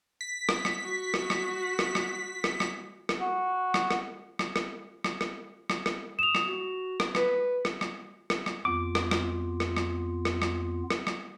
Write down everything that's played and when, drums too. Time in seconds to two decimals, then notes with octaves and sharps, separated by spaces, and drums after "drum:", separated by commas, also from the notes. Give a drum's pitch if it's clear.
0.21 B6
0.49 drum: rim click
0.65 drum: rim click
0.81 F#4
1.14 drum: rim click
1.30 drum: rim click
1.79 drum: rim click
1.95 drum: rim click
2.44 drum: rim click
2.60 drum: rim click
3.09 drum: rim click
3.21 F#4
3.74 drum: rim click
3.90 drum: rim click
4.39 drum: rim click
4.56 drum: rim click
5.04 drum: rim click
5.21 drum: rim click
5.70 drum: rim click
5.86 drum: rim click
6.19 D#6 E7 F7
6.35 drum: rim click
6.47 F#4
7.00 drum: rim click
7.15 B4, drum: rim click
7.65 drum: rim click
7.81 drum: rim click
8.30 drum: rim click
8.46 drum: rim click
8.65 F2 B3 F4 D6
8.95 drum: rim click
9.11 drum: rim click
9.60 drum: rim click
9.77 drum: rim click
10.25 drum: rim click
10.42 drum: rim click
10.90 drum: rim click
11.07 drum: rim click